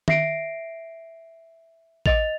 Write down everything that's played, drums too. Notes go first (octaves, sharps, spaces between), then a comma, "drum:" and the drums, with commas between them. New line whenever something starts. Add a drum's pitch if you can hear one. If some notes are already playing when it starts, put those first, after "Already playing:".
E5 A#6 C7 D7, drum: tom D#3
D#5 A6 F7, drum: kick A1